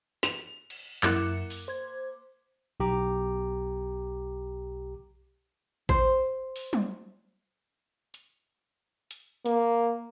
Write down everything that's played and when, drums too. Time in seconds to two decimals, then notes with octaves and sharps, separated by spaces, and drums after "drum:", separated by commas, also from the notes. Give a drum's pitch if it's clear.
0.23 F7, drum: snare
0.70 drum: cymbal
1.03 F#2 A#3 E4 D6 F#6 C#7, drum: clap
1.50 drum: open hi-hat
1.68 C5 G#6
2.80 B1 G4 A#5 D6
5.89 C5, drum: kick A1
6.56 drum: open hi-hat
6.73 drum: tom F#3
8.14 drum: hi-hat
9.11 drum: hi-hat
9.46 A#3, drum: hi-hat